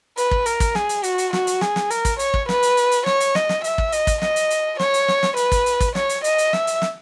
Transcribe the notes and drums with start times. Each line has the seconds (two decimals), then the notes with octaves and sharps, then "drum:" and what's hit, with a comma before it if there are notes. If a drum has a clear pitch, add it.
0.17 B4, drum: hi-hat
0.31 drum: kick
0.46 A#4, drum: hi-hat
0.60 drum: kick, hi-hat
0.75 G#4, drum: snare
0.89 drum: hi-hat
1.03 F#4, drum: hi-hat
1.18 drum: hi-hat
1.33 F#4, drum: snare
1.47 drum: hi-hat
1.61 G#4, drum: snare
1.76 drum: snare
1.90 A#4, drum: hi-hat
2.05 drum: kick, hi-hat
2.19 C#5, drum: hi-hat
2.34 drum: kick
2.49 B4, drum: snare
2.63 drum: hi-hat
2.77 drum: hi-hat
2.91 drum: hi-hat
3.06 C#5, drum: snare
3.20 drum: hi-hat
3.35 D#5, drum: snare
3.49 drum: snare
3.64 E5, drum: hi-hat
3.78 drum: kick
3.92 D#5, drum: hi-hat
4.07 drum: kick, hi-hat
4.22 D#5, drum: snare
4.36 drum: hi-hat
4.50 drum: hi-hat
4.79 C#5, drum: snare
4.94 drum: hi-hat
5.08 drum: snare
5.23 drum: snare
5.37 B4, drum: hi-hat
5.52 drum: kick, hi-hat
5.66 drum: hi-hat
5.80 drum: kick, hi-hat
5.95 C#5, drum: snare
6.09 drum: hi-hat
6.24 D#5, drum: hi-hat
6.38 drum: hi-hat
6.53 E5, drum: snare
6.67 drum: hi-hat
6.82 drum: snare